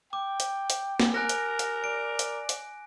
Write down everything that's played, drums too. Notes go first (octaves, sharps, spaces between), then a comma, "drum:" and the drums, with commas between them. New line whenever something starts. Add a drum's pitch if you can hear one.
G5 D6
drum: hi-hat
drum: hi-hat
drum: snare
A#4 G#5 F#6 A#6
drum: hi-hat
drum: hi-hat
D5 D7
drum: hi-hat
drum: hi-hat